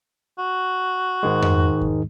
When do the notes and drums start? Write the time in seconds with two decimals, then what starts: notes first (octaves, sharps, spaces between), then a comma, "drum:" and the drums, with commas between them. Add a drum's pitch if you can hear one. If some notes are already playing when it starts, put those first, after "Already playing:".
0.39 F#4
1.23 G#2 D#3 G#3
1.42 drum: tom F2
1.81 drum: kick E2